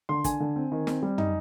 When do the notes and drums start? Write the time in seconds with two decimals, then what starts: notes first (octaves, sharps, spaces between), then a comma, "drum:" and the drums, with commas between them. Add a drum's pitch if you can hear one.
0.09 D3 C6
0.24 D3 G#5, drum: kick, hi-hat
0.40 D3
0.56 C4
0.72 D#3
0.87 C4, drum: snare
1.03 G3
1.18 D#4, drum: tom